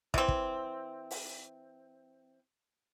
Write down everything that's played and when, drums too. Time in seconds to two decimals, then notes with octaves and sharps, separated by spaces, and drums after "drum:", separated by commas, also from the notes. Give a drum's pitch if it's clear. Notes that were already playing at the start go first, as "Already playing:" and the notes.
0.14 E3 C4, drum: kick
0.28 drum: kick
1.11 drum: open hi-hat